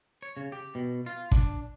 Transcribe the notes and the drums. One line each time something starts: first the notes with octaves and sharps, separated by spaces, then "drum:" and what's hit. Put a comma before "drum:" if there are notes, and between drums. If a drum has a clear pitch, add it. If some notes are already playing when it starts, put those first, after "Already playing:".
C#5
C#3
G4
B2
F4
D4, drum: kick